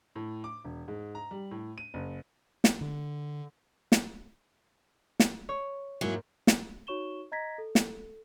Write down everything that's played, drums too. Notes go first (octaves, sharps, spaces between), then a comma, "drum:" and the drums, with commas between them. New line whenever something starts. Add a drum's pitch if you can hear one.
A2
D6
E1
G#2
A#5
G3
A2
D#7
F#1
drum: snare
D3
drum: snare
drum: snare
C#5
G#2 F#3 A#3 E4 G#4
drum: snare
D#4 F#4 C#5 C#6 E7 G7
D#5 A#5 G#6 A#6 B6
A4
drum: snare